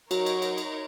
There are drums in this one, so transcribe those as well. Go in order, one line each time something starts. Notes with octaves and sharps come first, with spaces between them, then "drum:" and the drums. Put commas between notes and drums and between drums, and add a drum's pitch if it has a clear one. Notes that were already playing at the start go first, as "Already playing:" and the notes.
F#3 D#4 F#4 A#4 C#5, drum: cymbal
drum: cymbal
drum: cymbal
drum: cymbal